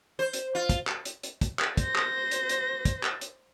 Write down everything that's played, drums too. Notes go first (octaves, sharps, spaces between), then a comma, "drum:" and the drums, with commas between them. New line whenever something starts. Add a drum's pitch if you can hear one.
C5
drum: hi-hat
F4
drum: kick, hi-hat
drum: clap
drum: hi-hat
drum: hi-hat
drum: kick, hi-hat
drum: clap
C5 A#6, drum: kick, hi-hat
drum: clap
drum: hi-hat
drum: hi-hat
drum: kick, hi-hat
drum: clap
drum: hi-hat